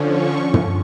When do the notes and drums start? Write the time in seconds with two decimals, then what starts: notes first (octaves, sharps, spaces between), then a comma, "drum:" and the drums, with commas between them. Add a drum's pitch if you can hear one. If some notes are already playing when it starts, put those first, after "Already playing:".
Already playing: D3 F3 C#4
0.08 C#6
0.54 drum: tom